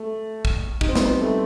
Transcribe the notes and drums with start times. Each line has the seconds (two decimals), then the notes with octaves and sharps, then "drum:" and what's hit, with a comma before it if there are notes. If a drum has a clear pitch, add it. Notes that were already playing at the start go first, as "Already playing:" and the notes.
Already playing: A3
0.45 drum: kick
0.81 D#4, drum: kick
0.88 C4
0.95 B3, drum: snare
1.10 G3
1.21 A3